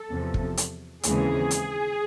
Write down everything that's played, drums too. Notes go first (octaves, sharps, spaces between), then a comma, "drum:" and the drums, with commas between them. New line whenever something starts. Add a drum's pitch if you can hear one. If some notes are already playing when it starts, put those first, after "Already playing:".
Already playing: A4
E2 C3 F3
drum: kick
drum: hi-hat
D#2 C#3 E3 G#3 C4 G#4, drum: hi-hat
drum: hi-hat